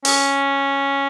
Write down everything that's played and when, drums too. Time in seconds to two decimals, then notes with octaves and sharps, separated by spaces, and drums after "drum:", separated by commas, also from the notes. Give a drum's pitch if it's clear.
0.05 C#4, drum: open hi-hat